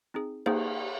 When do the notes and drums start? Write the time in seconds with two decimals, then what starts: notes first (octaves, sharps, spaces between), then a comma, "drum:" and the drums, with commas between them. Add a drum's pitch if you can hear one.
0.14 C4 D#4 G#4
0.46 A#3 D#4 G#4 C5, drum: cymbal